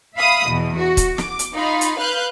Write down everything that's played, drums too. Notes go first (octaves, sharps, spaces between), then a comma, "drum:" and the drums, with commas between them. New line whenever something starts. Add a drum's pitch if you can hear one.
E5 F5 B5 D#6
E2 B2
F#4
drum: kick, hi-hat
D6, drum: snare
drum: hi-hat
D#4 F4 B5
drum: hi-hat
B4 F5 F#6 G6